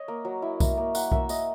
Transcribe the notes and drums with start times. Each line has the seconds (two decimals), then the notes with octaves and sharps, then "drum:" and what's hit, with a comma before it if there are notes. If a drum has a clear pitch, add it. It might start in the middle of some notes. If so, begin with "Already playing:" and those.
Already playing: C#5 D#5
0.08 A#3
0.25 F#3
0.42 E4
0.60 A#3, drum: kick B1, tambourine
0.77 A#3
0.95 A#3 F#5, drum: tambourine
1.12 A#3 E5, drum: kick B1
1.29 E4 D#5, drum: tambourine